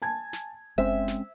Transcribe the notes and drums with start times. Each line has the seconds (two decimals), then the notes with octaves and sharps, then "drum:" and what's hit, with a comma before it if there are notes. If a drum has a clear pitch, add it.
0.02 G#5 A5 G#6
0.33 drum: snare
0.78 G#3 C4 C#4 C5 E5, drum: kick F#1
1.08 drum: snare